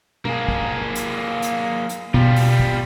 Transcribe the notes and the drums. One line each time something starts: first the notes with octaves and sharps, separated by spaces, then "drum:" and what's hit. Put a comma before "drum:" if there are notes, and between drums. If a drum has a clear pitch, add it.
A#3 G#4, drum: tom B2
drum: kick
drum: hi-hat
drum: hi-hat
drum: hi-hat
B2 G3 F4, drum: kick
drum: open hi-hat
drum: kick